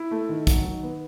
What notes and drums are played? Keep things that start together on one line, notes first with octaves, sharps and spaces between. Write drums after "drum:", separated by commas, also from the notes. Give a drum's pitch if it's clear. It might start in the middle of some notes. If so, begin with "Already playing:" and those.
Already playing: E4
A3
D#3
F#3, drum: kick, hi-hat
D#3
B3